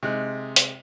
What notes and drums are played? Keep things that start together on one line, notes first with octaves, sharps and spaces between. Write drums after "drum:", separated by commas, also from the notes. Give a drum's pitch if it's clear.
C3 G#3 D#4 F#6
drum: hi-hat